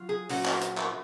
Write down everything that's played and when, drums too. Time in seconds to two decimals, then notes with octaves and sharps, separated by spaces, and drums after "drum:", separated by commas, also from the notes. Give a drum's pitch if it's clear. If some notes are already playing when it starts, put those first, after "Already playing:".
Already playing: F#3 F4
0.09 G#4
0.29 A#2 F#3 C#4 F#4, drum: open hi-hat
0.46 drum: clap
0.61 drum: hi-hat
0.77 drum: clap